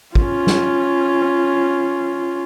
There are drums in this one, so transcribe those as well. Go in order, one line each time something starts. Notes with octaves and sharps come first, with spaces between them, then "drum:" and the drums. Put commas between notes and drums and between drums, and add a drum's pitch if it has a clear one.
C#4 F4, drum: kick
drum: snare